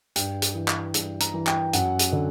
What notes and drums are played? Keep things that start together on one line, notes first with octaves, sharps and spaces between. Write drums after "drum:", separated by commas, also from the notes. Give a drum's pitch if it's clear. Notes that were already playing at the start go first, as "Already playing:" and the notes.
G2 G5, drum: hi-hat
drum: hi-hat
E3
drum: clap
G2, drum: hi-hat
A#5, drum: hi-hat
E3
G5, drum: clap
F#2 F#5, drum: hi-hat
drum: hi-hat
D3